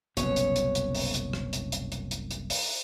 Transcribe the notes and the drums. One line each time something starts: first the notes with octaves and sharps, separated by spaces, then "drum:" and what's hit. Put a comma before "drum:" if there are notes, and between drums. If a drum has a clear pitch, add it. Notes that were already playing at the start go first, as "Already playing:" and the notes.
F#1 C2 B2 B3 C#4 C#5, drum: hi-hat
drum: hi-hat
drum: hi-hat
drum: hi-hat
drum: open hi-hat
drum: hi-hat
drum: rim click
drum: hi-hat
drum: hi-hat
drum: hi-hat
drum: hi-hat
drum: hi-hat
drum: open hi-hat